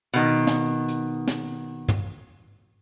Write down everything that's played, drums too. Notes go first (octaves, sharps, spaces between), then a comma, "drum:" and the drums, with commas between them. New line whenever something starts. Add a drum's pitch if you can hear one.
B2 D#3, drum: hi-hat
drum: snare
drum: hi-hat
drum: snare
drum: tom